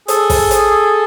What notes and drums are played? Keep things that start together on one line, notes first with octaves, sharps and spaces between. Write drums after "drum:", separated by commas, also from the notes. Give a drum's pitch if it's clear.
G#4 A4, drum: hi-hat
drum: kick, open hi-hat
drum: hi-hat